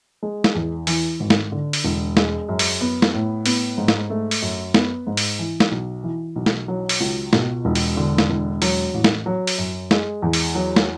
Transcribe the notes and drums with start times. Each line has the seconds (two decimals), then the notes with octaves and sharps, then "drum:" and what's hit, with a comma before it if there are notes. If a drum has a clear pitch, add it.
0.23 G#3
0.44 drum: snare
0.55 E2
0.87 E3, drum: open hi-hat
1.20 G#1
1.30 drum: snare
1.52 D3
1.73 drum: open hi-hat
1.84 E1
2.17 G#3, drum: snare
2.49 F#2
2.59 drum: open hi-hat
2.81 B3
3.02 drum: snare
3.13 A2
3.46 B3, drum: open hi-hat
3.78 G#2
3.88 drum: snare
4.10 A3
4.31 drum: open hi-hat
4.42 F#2
4.74 B3, drum: snare
5.07 G#2
5.17 drum: open hi-hat
5.39 E3
5.60 drum: snare
5.71 B1
6.04 E3
6.36 B1
6.46 drum: snare
6.68 F#3
6.89 drum: open hi-hat
7.00 C#2
7.33 B2, drum: snare
7.65 E1
7.75 drum: open hi-hat
7.97 D3
8.18 drum: snare
8.30 E1
8.62 F#3, drum: open hi-hat
8.94 A1
9.04 drum: snare
9.26 F#3
9.47 drum: open hi-hat
9.58 F#2
9.91 G#3, drum: snare
10.22 E2
10.33 drum: open hi-hat
10.55 F#3
10.76 drum: snare